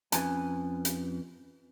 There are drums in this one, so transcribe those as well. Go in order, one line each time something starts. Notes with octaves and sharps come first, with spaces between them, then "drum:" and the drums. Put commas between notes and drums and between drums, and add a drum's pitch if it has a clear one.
F2 C#4 B4 G#5, drum: hi-hat
drum: hi-hat